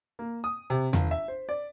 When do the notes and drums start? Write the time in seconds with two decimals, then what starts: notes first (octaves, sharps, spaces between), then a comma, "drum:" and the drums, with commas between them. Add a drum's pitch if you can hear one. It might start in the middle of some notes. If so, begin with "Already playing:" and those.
0.19 A#3
0.44 D#6
0.70 C3
0.93 G1, drum: tom E2
1.11 E5
1.28 C5
1.49 D5